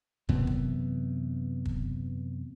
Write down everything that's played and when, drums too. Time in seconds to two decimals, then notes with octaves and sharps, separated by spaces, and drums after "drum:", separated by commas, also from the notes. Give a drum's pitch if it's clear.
0.29 F#2 C3 E3 B3, drum: kick
0.47 drum: kick
1.65 drum: kick